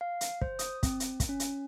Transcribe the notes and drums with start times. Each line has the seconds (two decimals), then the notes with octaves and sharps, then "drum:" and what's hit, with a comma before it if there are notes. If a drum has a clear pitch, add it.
0.01 F5
0.21 drum: hi-hat
0.41 C5, drum: kick
0.59 D#6, drum: hi-hat
0.83 C4, drum: kick, hi-hat
1.00 drum: hi-hat
1.20 drum: kick, hi-hat
1.29 C#4
1.40 drum: hi-hat